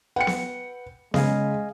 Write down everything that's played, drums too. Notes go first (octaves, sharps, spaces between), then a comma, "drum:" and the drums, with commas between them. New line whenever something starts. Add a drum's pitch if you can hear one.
B4 F#5 G5 C#7
drum: snare B3
C#3 G#3 D#5 F5 G#5, drum: snare B3